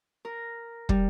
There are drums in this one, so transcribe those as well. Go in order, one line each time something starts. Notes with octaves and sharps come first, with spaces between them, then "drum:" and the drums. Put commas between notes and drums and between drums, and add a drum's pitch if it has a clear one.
A#4
G3, drum: kick